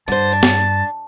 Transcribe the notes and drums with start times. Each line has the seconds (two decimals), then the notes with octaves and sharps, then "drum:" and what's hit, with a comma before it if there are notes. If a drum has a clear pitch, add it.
0.08 G2 D3 C5 A5
0.32 D4
0.43 drum: snare